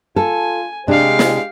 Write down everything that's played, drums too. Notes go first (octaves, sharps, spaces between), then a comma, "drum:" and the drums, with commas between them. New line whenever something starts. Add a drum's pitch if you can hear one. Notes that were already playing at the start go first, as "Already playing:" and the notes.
F4 A4 G#5
C3 G#3 D4 G4 F5
drum: snare